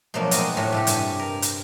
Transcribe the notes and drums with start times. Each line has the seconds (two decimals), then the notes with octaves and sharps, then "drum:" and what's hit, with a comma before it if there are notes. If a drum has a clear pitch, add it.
0.14 B2 F3 F#3 A3 A#3 D4
0.31 G#3 C4 F#4 A#4 D5 D#5, drum: hi-hat
0.57 A2 A3 F#4 C#5 E5
0.72 C3 A3 G4
0.87 G2 G#5, drum: hi-hat
1.19 A#4
1.42 drum: hi-hat